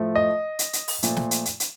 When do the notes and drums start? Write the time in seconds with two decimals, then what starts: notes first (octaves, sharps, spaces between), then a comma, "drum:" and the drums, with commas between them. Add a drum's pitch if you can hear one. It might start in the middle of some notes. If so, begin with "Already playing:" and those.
Already playing: A2 F3 A3
0.16 D#5
0.59 drum: hi-hat
0.73 drum: hi-hat
0.88 drum: open hi-hat
1.03 A#2 F3 A3, drum: hi-hat
1.17 drum: snare
1.31 drum: hi-hat
1.45 drum: hi-hat
1.60 drum: hi-hat